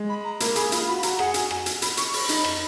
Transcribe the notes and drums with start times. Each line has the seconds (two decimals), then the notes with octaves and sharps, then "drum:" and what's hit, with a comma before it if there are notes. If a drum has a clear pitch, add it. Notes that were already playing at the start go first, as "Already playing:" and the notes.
Already playing: G#3
0.09 B5
0.24 A#5
0.40 A#3 B5, drum: hi-hat
0.56 G#4 B5, drum: hi-hat
0.72 F4 B5, drum: hi-hat
0.88 F#4 B5
1.03 F#4 A#5, drum: hi-hat
1.19 G#4 F#5, drum: rim click
1.34 F#4 G#5, drum: hi-hat
1.51 G#5, drum: rim click
1.66 drum: hi-hat
1.82 B5, drum: hi-hat
1.97 C#6, drum: hi-hat
2.13 B5, drum: open hi-hat
2.29 D#4, drum: hi-hat
2.44 drum: rim click